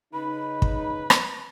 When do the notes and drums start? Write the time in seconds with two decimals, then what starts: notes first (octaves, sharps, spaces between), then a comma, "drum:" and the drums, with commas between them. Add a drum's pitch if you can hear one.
0.14 C#3 D#4 B4 B5
0.62 drum: kick
1.10 drum: rim click